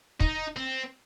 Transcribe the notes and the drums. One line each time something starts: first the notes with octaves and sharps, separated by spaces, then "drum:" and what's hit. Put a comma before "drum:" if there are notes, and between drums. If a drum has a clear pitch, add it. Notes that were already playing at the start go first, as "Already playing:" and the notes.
D#4, drum: kick
C4